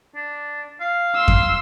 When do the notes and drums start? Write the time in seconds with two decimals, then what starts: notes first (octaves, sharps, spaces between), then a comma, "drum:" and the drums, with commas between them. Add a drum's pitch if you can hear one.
0.15 D4
0.80 F5
1.15 C6 E6
1.28 drum: kick F2